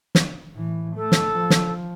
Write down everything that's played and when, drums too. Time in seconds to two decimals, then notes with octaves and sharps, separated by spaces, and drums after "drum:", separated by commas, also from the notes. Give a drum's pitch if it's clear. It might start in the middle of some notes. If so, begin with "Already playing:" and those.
0.15 drum: snare
0.53 A2 E3
0.96 A3 A4
1.12 drum: snare
1.31 F3
1.50 drum: snare